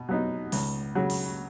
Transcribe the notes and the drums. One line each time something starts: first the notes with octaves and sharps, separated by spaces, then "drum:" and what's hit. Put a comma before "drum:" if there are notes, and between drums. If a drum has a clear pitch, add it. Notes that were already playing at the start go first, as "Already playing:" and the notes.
Already playing: B2
F#3 B3 D#4
C#2, drum: open hi-hat
C#3 F#3
drum: open hi-hat